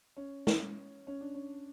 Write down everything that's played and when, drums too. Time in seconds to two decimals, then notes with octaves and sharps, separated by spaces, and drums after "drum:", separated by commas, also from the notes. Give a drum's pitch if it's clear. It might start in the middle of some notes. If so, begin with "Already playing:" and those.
0.17 C#4
0.47 drum: snare
1.07 C#4
1.21 D4
1.34 C#4